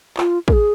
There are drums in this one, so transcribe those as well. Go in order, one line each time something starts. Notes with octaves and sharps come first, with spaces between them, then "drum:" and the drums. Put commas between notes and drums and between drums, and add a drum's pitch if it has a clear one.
F4, drum: clap
A#4, drum: kick
G#4